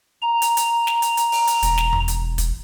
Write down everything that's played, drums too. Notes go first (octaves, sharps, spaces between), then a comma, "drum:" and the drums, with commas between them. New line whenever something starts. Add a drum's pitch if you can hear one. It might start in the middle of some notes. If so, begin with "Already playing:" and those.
A#5
drum: hi-hat
drum: hi-hat
drum: snare
drum: hi-hat
drum: hi-hat
drum: open hi-hat
drum: hi-hat
E1, drum: hi-hat
drum: snare
drum: tom E2
drum: hi-hat
drum: kick, hi-hat